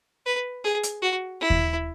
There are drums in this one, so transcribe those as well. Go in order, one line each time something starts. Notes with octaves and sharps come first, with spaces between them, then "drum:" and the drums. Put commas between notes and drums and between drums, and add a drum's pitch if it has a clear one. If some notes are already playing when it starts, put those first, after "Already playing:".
B4
G#4
drum: hi-hat
F#4
E4
drum: kick D#2